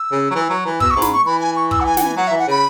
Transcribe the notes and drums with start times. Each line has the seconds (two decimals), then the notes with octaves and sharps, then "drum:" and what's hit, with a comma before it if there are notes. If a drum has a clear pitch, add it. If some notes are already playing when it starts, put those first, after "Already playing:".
Already playing: E6
0.12 C#3
0.31 F#3
0.35 E3
0.50 F#3
0.65 E3
0.80 B2 E6, drum: kick
0.91 C#6
0.96 G#2
1.02 B5, drum: snare
1.13 C#6
1.26 E3 B5
1.41 G#5
1.56 C#6
1.71 E6, drum: kick
1.80 F#5
1.86 G#5
1.97 F#5, drum: snare
2.01 G#5
2.17 F#3 F#5
2.28 E5
2.31 E3
2.39 F#5
2.47 C#3 B5